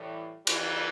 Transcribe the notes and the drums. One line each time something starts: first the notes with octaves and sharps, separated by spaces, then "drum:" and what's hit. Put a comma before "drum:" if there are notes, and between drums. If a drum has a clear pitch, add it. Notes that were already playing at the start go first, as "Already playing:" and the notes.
Already playing: A2 E3 G3
D#2 C#3 E3 G3, drum: cymbal